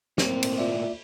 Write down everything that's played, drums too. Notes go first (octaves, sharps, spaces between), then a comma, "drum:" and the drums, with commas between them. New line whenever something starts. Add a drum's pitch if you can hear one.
A2 A#3 C4, drum: snare
drum: cymbal
F4 D5 E5